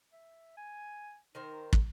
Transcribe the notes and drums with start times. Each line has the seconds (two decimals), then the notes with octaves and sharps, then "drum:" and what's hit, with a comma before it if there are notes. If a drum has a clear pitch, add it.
0.12 E5
0.57 G#5
1.35 D#3 D#4 A#4 C5
1.73 drum: kick